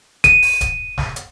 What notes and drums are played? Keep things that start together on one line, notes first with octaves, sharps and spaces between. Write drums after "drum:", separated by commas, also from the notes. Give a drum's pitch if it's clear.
D#7, drum: kick D1, hi-hat
drum: open hi-hat
drum: kick D1, hi-hat
drum: snare
drum: hi-hat